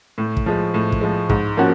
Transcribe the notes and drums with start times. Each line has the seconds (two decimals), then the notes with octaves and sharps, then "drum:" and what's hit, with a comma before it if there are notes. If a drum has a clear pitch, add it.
0.18 A2
0.37 drum: kick
0.46 F3 G#3
0.74 A2
0.92 drum: kick
1.01 F3 G#3
1.29 G#2, drum: kick
1.57 F3 A#3 C#4 F#4